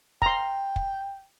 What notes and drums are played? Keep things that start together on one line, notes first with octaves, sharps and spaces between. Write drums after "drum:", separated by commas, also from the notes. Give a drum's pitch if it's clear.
G5 A#5 C6, drum: kick
drum: kick